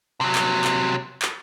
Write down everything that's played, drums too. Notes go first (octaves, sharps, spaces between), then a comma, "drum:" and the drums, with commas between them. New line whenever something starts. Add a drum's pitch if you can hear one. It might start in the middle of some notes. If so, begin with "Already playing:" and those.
C3 F#3
drum: clap
drum: clap
drum: clap